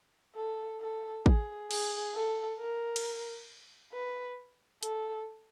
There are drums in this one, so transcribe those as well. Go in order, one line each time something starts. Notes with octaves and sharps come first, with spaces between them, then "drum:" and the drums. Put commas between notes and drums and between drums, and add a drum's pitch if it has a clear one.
A4
A4
G#4, drum: kick
G#4, drum: cymbal
A4
A#4
drum: cymbal
B4
A4, drum: hi-hat